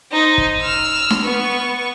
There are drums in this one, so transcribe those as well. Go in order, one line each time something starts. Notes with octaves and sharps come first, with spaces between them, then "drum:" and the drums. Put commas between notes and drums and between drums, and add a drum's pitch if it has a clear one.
D#4 C5
drum: kick
E6 F6
drum: snare D4
B3 C#6